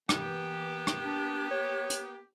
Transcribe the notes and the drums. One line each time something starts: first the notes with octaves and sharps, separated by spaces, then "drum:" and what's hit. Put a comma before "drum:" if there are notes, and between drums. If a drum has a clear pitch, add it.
E3 A#3 B3 G4, drum: rim click
drum: rim click
D4
C#5
drum: hi-hat